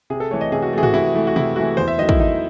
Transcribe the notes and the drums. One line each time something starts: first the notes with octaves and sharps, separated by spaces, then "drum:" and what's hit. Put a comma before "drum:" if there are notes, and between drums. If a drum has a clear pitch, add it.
C3 G#4
A4
E3 A3 C#5
D#5
C3 G#4
F#4
E3 A3 G#4
F#4, drum: tom
C3 E4
E3 A3
F#4
C3 E4, drum: tom
E3 A3 F#4
E2 C5
E5
D#3 F#3 A3 D#5
E4, drum: kick
E2 D#4